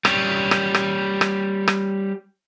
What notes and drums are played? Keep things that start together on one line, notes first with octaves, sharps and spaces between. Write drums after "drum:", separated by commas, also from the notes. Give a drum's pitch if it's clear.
G3 C#4, drum: rim click
drum: rim click
drum: rim click
drum: rim click
drum: rim click